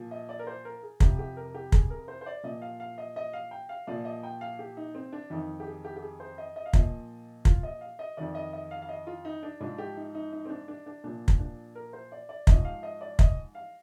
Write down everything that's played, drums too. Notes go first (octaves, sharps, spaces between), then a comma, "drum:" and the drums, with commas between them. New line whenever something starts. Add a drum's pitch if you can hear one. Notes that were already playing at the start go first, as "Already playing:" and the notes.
Already playing: A#2 F3
D#5
D5
A#4
C5
A#4
G#4
F2 C3 F3 G4, drum: kick
G4
A#4
G4
G#4, drum: kick
A#4
C5
C5
D5
A#2 F3 D#5
F5
F5
D#5
D#5
F5
G5
F5
A#2 F3 D5
D#5
G5
F5
G4
D#4
C4
D4
F2 D#3 D#4
G4
G#4
G4
G4
G#4
C5
D#5
D#5
F5
A#2 F3 D#5, drum: kick
F4, drum: kick
D#5
F5
D#5
F2 D#3 D5
D#5
D#5
F5
F5
D#5
F4
D#4
D4
G#2 F3 D4
G4
D#4
D#4
D#4
C4
D4
D4
D4
A#2 F3 D4
drum: kick
D4
A#4
C5
D5
D5
G#2 F3 D#5, drum: kick
F5
D#5
D5
D#5, drum: kick
F5